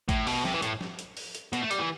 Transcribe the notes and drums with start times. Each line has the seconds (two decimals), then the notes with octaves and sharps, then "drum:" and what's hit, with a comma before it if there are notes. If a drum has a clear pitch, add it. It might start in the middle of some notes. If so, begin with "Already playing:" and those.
0.09 A2, drum: kick, hi-hat
0.27 B2, drum: open hi-hat
0.45 C3, drum: snare
0.54 E3
0.62 A2, drum: hi-hat
0.81 drum: snare
0.99 drum: hi-hat
1.17 drum: open hi-hat
1.35 drum: hi-hat
1.53 B2, drum: hi-hat
1.62 A3
1.71 G3, drum: hi-hat
1.79 E3